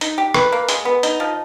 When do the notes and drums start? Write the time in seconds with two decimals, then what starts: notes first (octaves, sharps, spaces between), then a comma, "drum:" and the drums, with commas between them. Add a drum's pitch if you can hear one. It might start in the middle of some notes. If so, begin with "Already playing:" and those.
0.01 D#4, drum: hi-hat
0.18 G4
0.34 B4, drum: rim click
0.52 A#3
0.69 G#3, drum: hi-hat
0.85 B3
1.03 D#4, drum: hi-hat
1.20 F3